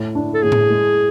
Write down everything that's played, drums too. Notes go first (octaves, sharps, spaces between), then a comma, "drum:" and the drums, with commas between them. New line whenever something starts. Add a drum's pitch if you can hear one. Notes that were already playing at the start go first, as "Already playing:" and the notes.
Already playing: A2 A3
D4
A4
A2 G#4
drum: tom A2
G#3